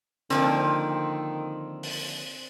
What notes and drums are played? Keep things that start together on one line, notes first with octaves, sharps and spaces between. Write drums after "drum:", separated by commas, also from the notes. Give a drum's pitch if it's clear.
D3 D#3 F3 A#3 C4, drum: hi-hat
drum: open hi-hat